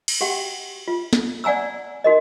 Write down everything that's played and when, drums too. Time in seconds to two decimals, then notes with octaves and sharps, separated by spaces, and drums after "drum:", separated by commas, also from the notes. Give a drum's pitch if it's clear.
0.08 drum: cymbal
0.21 F#4 G4 F#5 G5
0.88 F4
1.13 drum: snare
1.44 D5 F#5 G#5 A#5 E6
2.04 D#4 F#4 A#4 D#5